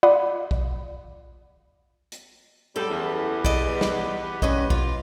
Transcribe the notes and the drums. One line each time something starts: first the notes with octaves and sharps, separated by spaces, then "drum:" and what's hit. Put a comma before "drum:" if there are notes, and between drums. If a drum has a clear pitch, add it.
F4 D5 F#5 B5 C6 D#6
drum: kick
drum: hi-hat
F#2 G3 A4
E2 G4 B4 F#5
D5 D#5, drum: kick
drum: snare
G2 C#4 D#5, drum: kick
F4, drum: kick